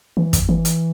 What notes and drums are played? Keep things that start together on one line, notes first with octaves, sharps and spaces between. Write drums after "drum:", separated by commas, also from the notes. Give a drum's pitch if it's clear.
E3
drum: kick, hi-hat
E3
drum: hi-hat